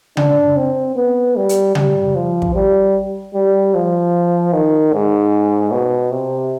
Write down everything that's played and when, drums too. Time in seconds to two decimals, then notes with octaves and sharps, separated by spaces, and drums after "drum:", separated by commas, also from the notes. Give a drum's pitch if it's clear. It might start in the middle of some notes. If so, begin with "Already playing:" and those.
0.17 D4, drum: tom C#3
0.57 C4
0.96 B3
1.36 G3
1.49 drum: hi-hat
1.75 G3, drum: tom C#3
2.15 F3
2.42 drum: kick
2.55 G3
3.34 G3
3.74 F3
4.53 D#3
4.93 G#2
5.72 B2
6.11 C3